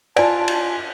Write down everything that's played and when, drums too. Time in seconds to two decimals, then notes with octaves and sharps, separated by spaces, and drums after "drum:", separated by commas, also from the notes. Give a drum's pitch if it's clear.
0.16 F4 D5 G#5 A5 D7, drum: cymbal
0.48 drum: cymbal